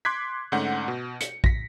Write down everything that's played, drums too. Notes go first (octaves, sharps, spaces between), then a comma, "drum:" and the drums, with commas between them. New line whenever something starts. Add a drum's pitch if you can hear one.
C6 D6 F#6 G#6 B6
G#2 D3 A3 C#4 F#5 G6
B2
C#7, drum: hi-hat
A#6 B6, drum: kick